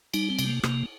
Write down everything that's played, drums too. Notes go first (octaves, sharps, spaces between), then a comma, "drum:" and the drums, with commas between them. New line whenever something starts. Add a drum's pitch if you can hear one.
G3 D#4, drum: cymbal
C4
C3, drum: cymbal
A#3
C3 A#3, drum: rim click